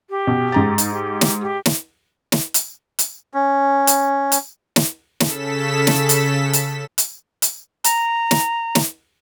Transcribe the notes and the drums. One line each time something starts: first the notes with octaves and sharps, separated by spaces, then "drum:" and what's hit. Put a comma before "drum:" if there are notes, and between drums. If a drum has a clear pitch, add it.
G4
B2
G#2 A#5 A6
D#4, drum: hi-hat
G4
drum: snare
G4
drum: snare
drum: snare
drum: hi-hat
drum: hi-hat
C#4
drum: hi-hat
drum: hi-hat
drum: snare
C#3 A4 B6 E7, drum: snare
drum: snare
drum: hi-hat
drum: hi-hat
drum: hi-hat
drum: hi-hat
A#5, drum: hi-hat
drum: snare
drum: snare